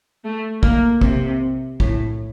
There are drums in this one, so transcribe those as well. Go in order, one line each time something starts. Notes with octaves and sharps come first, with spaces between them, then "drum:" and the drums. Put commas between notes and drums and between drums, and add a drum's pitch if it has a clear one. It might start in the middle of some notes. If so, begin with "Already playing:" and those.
A3
A#3, drum: kick
C3, drum: kick
A2, drum: kick